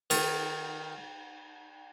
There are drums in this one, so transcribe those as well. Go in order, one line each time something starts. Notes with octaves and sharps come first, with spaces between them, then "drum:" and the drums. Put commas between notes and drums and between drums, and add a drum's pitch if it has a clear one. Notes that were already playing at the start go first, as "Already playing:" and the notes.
D#3, drum: cymbal